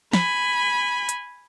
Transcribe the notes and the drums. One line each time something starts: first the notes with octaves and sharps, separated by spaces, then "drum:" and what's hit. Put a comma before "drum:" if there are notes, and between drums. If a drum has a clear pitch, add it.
G#5 B5, drum: snare
drum: hi-hat